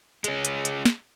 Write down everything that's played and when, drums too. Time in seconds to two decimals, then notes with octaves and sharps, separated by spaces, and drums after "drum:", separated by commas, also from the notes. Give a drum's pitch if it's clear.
0.24 G#3 C#4, drum: hi-hat
0.45 drum: hi-hat
0.65 drum: hi-hat
0.85 drum: snare